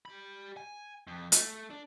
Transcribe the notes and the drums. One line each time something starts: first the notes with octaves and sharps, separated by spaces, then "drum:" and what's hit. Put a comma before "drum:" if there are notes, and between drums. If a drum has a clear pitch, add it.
G4 B5
G#5
F2
A3, drum: hi-hat
D4